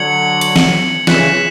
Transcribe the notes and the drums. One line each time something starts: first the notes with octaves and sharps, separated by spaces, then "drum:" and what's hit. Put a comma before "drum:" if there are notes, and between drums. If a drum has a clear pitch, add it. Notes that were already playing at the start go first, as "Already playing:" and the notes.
Already playing: D3 F#3 G#6 C#7 F#7
drum: hi-hat
drum: snare
C#3 E3 F#6 B6 E7, drum: snare